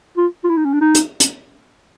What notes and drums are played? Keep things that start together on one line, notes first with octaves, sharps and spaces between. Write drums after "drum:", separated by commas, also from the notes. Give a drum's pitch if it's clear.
F4
F4
E4
D#4
C#4
D4
D#4
drum: hi-hat
drum: hi-hat